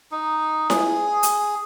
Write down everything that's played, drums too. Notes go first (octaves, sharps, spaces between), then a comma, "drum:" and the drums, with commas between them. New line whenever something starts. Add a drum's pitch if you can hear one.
D#4
G#4, drum: snare E4
drum: hi-hat